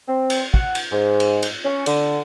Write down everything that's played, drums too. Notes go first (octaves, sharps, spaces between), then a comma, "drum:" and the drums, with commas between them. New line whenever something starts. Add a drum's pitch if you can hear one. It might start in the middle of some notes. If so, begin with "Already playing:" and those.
C4
drum: cymbal
F#5, drum: kick
drum: cymbal
G#2
drum: cymbal
drum: cymbal
C#4
D3, drum: cymbal